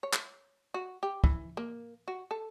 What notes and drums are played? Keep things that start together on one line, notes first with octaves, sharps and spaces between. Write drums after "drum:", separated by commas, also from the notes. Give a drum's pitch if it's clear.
C#5
drum: clap
F#4
G4
E3, drum: kick
A#3
F#4
A4